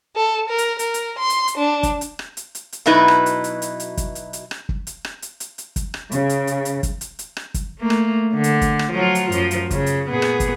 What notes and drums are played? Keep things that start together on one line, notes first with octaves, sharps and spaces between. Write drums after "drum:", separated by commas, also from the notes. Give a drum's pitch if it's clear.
A4
A#4
drum: hi-hat
A#4, drum: hi-hat
drum: hi-hat
C6
drum: hi-hat
drum: hi-hat
D4
drum: kick, hi-hat
drum: hi-hat
drum: rim click
drum: hi-hat
drum: hi-hat
drum: hi-hat
B2 F#3 D#4 E4 B4
drum: rim click
drum: hi-hat
drum: hi-hat
drum: hi-hat
drum: hi-hat
drum: kick, hi-hat
drum: hi-hat
drum: hi-hat
drum: rim click
drum: kick
drum: hi-hat
drum: rim click
drum: hi-hat
drum: hi-hat
drum: hi-hat
drum: kick, hi-hat
drum: rim click
C#3, drum: hi-hat
drum: hi-hat
drum: hi-hat
drum: hi-hat
drum: kick, hi-hat
drum: hi-hat
drum: hi-hat
drum: rim click
drum: kick, hi-hat
A3 A#3
drum: rim click
D3
drum: hi-hat
drum: kick, hi-hat
drum: rim click
F3 F#3 F4
drum: hi-hat
F#2 F3, drum: hi-hat
drum: hi-hat
C#3, drum: kick, hi-hat
drum: hi-hat
A#2 B3 G#4
drum: rim click
drum: kick, hi-hat